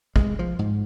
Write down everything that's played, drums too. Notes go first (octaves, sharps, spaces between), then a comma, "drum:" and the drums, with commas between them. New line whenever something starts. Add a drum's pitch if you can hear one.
G#3, drum: kick
F3
G#2